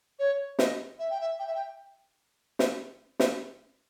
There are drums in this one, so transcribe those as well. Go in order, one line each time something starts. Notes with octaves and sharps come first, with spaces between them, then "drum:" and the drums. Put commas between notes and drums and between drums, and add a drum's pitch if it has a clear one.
C#5
D#5, drum: snare
E5
G5
E5
G5
E5
G5
drum: snare
drum: snare